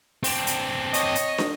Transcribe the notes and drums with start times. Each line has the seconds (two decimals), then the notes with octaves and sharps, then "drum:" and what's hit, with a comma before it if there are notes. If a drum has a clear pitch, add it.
0.24 C4 D4, drum: open hi-hat
0.47 drum: hi-hat
0.94 C#5 D#5, drum: hi-hat
1.15 drum: hi-hat
1.38 drum: snare